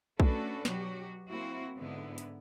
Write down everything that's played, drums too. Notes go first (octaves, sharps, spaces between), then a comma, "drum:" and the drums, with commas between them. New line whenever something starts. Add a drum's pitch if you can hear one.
A3 C#4 D4 F#4 A4 B4, drum: kick B1
B2 F#3 F#4 G4, drum: snare
A#3 C4 E4 F#4
G#2 D3 B3 E4
drum: hi-hat